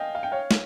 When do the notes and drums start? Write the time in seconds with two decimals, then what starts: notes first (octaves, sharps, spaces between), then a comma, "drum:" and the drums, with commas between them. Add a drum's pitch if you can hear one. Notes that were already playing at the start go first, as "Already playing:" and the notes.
Already playing: D#5 F5 G5 G#5
0.15 F5
0.23 G5
0.32 C#5 F5
0.51 drum: snare